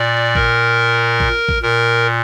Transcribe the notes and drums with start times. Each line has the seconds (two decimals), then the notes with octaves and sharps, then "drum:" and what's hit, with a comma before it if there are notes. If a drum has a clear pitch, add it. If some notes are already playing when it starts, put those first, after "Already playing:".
Already playing: A#2 D5
0.35 A#4, drum: kick A1
1.20 drum: kick A1
1.49 drum: kick A1
1.63 A#2 A#4